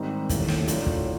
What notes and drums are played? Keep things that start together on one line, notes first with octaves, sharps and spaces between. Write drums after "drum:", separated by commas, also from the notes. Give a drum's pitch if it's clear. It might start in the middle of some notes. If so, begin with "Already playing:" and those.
Already playing: G#2 D#3 G3 C4 D#4
D#2 C#3 E3 A3, drum: kick, hi-hat
drum: snare
A2 F#3 A3 D4 F4, drum: hi-hat
drum: kick